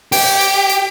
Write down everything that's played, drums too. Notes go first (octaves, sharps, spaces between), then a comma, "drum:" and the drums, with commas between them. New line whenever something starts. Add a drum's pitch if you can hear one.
G4, drum: open hi-hat
drum: hi-hat
drum: hi-hat